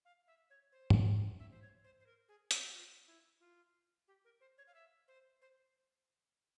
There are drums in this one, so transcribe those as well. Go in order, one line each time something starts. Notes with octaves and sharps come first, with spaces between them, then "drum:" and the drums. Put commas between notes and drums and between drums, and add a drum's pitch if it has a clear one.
F5
E5
C#5
C5
drum: tom G#2
E5
C5
C#5
C5
C5
A#4
G#4
G4, drum: hi-hat
F4
E4
F4
G4
A#4
C5
C#5
F5
E5
C5
C5